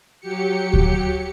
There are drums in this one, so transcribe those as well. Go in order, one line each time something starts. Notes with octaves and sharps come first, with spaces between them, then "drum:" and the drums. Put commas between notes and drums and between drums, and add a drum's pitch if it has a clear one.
F#3 G4 C#7
drum: kick D2